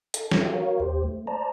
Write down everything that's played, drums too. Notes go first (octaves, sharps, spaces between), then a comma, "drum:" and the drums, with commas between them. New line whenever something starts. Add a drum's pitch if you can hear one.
A4, drum: hi-hat
drum: snare
G#4 A4 E5 G5
F#4 A#4 C#5 F5
D#2 G4 C5
A3
C5 D5 A5 A#5